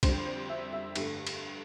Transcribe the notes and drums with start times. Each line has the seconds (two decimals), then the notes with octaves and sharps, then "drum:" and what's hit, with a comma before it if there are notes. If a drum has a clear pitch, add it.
0.03 F2 D3 G3 C5, drum: kick, cymbal
0.26 C5
0.49 E5
0.73 E5
0.96 G2 D3 A3, drum: cymbal
1.27 drum: cymbal